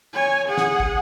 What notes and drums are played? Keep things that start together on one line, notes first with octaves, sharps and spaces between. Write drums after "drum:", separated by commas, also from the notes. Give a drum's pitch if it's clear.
C#5 G#5
G#4 F#5
drum: snare
drum: kick